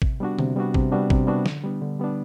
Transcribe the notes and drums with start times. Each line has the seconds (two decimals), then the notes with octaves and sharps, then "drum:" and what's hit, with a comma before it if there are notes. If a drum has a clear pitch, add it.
0.02 C3, drum: kick
0.20 G3 B3 D4 F#4
0.39 C3, drum: tom D3
0.56 G3 B3 D4 F#4
0.74 C3, drum: kick
0.92 G3 B3 D4 F#4
1.10 C3, drum: kick
1.27 G3 B3 D4 F#4
1.46 D3, drum: snare
1.64 G3 B3 D4
1.81 D3
1.99 G3 B3 D4